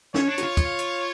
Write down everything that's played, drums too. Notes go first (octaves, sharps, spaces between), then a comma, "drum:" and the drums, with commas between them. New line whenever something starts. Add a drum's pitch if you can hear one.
C#4 C#5, drum: snare
D4
F#4, drum: hi-hat
F4
drum: kick, hi-hat
drum: hi-hat